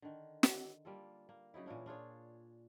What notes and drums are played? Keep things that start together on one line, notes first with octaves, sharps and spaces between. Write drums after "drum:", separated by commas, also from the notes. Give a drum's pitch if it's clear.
D3 D#3
drum: snare
G3 A#3 F4 A4
A#3
C#3 F#3 D#4 E4
A#2 E3 C#4 D4
D4 F4 G#4 C#5